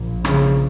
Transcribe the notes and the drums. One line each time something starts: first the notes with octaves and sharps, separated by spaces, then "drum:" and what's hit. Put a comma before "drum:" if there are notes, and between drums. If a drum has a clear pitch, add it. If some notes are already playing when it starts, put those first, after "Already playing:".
Already playing: A#1 A#2
C#3, drum: rim click